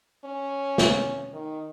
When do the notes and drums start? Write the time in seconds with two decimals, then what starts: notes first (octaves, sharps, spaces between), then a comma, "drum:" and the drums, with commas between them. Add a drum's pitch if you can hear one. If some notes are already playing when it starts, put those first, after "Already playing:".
0.24 C#4
0.78 drum: snare
1.33 D#3